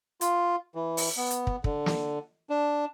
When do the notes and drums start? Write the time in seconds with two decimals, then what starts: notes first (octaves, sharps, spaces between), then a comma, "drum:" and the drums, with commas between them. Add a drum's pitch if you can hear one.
0.21 F4, drum: hi-hat
0.75 E3
0.97 drum: open hi-hat
1.17 B3
1.30 drum: hi-hat
1.47 drum: kick
1.64 D3, drum: kick
1.86 drum: snare
2.50 D4